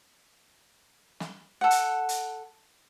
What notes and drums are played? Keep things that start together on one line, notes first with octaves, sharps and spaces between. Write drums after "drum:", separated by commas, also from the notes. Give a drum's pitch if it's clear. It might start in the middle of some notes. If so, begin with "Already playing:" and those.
drum: snare
A4 F#5
drum: hi-hat
drum: hi-hat